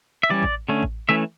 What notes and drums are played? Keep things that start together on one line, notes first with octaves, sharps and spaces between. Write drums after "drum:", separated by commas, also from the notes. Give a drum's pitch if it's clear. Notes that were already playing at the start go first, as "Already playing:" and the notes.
E5
E3 G3 C#4 D5
drum: kick A1
D3 A3 C#4
drum: kick A1
E3 A3 C#4 E5